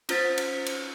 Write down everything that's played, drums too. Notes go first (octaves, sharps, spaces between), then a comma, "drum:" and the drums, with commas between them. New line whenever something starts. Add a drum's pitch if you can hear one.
C#4 F4 C5 A6 B6, drum: cymbal
drum: cymbal
drum: cymbal